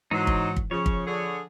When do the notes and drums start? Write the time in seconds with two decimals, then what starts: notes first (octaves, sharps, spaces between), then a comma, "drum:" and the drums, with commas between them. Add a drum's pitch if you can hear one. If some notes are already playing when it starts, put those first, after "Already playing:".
0.11 G#2 E3 F#3 D#4 C5
0.27 drum: kick
0.56 drum: kick
0.71 C#3 F3 C#5
0.86 drum: kick
1.07 D3 G#4